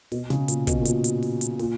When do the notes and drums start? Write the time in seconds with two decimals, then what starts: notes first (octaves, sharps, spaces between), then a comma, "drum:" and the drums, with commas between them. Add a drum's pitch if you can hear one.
0.12 B2, drum: open hi-hat
0.30 C#3, drum: snare
0.48 A#2, drum: hi-hat
0.67 B2, drum: kick, hi-hat
0.82 A#2
0.85 B2, drum: hi-hat
1.04 drum: hi-hat
1.23 drum: open hi-hat
1.41 drum: hi-hat
1.59 A#2, drum: open hi-hat